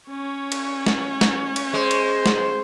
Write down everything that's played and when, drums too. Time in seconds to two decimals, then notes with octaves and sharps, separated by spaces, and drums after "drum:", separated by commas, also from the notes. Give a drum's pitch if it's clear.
0.10 C#4 C#5
0.52 drum: cymbal
0.86 drum: snare
1.21 drum: snare
1.56 drum: cymbal
1.73 G#3 C5
1.91 drum: cymbal
2.26 drum: snare